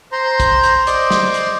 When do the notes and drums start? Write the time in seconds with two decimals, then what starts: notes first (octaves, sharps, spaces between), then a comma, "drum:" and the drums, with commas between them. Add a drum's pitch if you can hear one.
0.12 C5 A#5 C6
0.40 drum: kick, hi-hat
0.63 drum: hi-hat
0.87 C5 D5 D#5 C6 D6, drum: hi-hat
1.11 drum: snare
1.34 drum: hi-hat